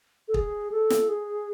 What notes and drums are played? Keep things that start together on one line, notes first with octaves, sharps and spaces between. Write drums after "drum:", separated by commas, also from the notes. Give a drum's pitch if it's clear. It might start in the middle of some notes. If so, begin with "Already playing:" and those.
A4
G#4, drum: kick
A4
drum: snare
G#4